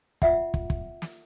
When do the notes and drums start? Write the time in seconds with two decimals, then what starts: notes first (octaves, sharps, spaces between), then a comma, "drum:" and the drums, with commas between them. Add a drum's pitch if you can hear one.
0.22 F4 E5 F#5, drum: kick
0.54 drum: kick
0.70 drum: kick
1.02 drum: snare